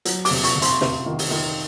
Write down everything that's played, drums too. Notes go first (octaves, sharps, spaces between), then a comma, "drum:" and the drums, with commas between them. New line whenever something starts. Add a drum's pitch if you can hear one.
F#3, drum: hi-hat
D6, drum: open hi-hat
C3
C#6, drum: hi-hat
C3
C6, drum: hi-hat
C3, drum: snare
D#3
drum: open hi-hat
D#3